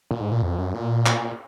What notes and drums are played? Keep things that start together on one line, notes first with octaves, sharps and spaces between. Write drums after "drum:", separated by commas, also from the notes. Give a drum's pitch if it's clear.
A#2
G#2
A#2
F2
F#2
A#2
drum: clap